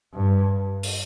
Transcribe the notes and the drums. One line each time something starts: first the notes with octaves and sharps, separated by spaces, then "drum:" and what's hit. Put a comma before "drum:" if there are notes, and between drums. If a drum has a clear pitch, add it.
G2
drum: open hi-hat